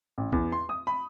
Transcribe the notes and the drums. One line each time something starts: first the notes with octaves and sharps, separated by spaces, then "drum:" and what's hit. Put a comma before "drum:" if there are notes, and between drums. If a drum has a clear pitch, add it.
A1
E2, drum: kick B1
C6
D#6
B5